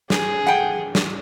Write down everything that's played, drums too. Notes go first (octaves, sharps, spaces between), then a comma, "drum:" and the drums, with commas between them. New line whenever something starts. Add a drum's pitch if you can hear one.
G#4, drum: snare
F#5 G5
drum: snare